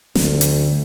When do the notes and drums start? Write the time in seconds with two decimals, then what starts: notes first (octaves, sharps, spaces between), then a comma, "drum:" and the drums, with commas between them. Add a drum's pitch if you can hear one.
0.15 D2, drum: snare
0.41 drum: hi-hat